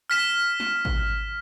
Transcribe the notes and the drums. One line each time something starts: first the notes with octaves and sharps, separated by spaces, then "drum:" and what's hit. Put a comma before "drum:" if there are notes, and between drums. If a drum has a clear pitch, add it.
F6 B6 E7
drum: snare
drum: kick G#1